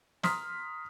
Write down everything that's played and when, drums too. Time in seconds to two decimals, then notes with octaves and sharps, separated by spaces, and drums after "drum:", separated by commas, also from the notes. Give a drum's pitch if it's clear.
0.23 A#5 C6 D#6 F6 B6, drum: snare